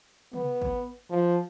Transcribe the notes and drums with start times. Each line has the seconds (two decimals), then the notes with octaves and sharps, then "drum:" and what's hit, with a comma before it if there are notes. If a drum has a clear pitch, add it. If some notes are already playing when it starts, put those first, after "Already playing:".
0.33 B3, drum: tom
0.61 drum: kick G#1
1.10 F3